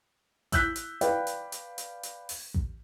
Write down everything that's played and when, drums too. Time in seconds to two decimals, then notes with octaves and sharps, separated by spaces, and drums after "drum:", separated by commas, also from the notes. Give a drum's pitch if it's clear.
0.52 E6 F#6 G6 B6, drum: kick A1, hi-hat
0.76 drum: hi-hat
1.01 B4 D5 F5 G5, drum: hi-hat
1.27 drum: hi-hat
1.52 drum: hi-hat
1.78 drum: hi-hat
2.03 drum: hi-hat
2.29 drum: open hi-hat
2.54 drum: kick A1